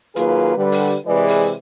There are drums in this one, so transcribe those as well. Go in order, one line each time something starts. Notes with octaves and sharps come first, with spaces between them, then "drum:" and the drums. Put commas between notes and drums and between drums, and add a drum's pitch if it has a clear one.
D#3 F#3 A#3 F4 G#4 B4, drum: hi-hat
D3 G3 B4
drum: open hi-hat
C3 E3 G#3 G#4 B4 D5
drum: open hi-hat